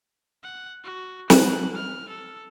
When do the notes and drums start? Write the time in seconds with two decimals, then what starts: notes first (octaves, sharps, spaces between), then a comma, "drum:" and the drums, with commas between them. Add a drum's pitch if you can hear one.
0.43 F#5
0.84 F#4
1.30 F#6, drum: snare
1.75 F6
2.09 A4